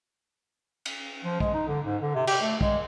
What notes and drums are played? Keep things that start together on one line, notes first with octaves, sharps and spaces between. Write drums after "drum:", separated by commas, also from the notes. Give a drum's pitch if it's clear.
drum: cymbal
F3
G#3, drum: kick
D#4
D3
G#2
D3
C3
G4, drum: cymbal
A3
G#3, drum: kick